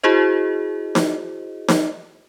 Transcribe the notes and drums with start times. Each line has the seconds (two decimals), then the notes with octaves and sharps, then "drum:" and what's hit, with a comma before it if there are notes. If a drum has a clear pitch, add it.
0.03 E4 F#4 G#4 C5 D#5
0.95 drum: snare D#4
1.68 drum: snare D#4